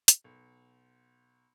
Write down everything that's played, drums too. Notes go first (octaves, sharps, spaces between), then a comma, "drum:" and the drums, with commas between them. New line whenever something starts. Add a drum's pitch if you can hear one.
drum: hi-hat
B1